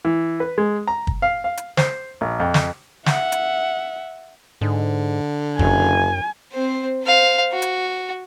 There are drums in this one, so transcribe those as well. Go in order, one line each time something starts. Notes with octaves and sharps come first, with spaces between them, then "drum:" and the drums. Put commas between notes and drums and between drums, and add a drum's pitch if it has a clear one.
E3
B4
G#3
A#5
drum: kick
F5
F5
drum: hi-hat
C5, drum: snare
A#1
F2
drum: snare
E5 F#5, drum: snare
drum: hi-hat
G#2 D3
F#1 F#2 G#5, drum: kick
C4 C5
C5 F5
F#4
drum: hi-hat